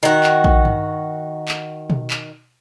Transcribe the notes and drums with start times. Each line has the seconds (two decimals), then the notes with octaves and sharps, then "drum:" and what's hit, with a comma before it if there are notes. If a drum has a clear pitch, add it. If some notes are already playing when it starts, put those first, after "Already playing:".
0.03 D#3 F#4
0.24 drum: clap
0.44 drum: kick A#1
0.65 drum: tom G2
1.48 drum: clap
1.90 drum: tom B2
2.10 drum: clap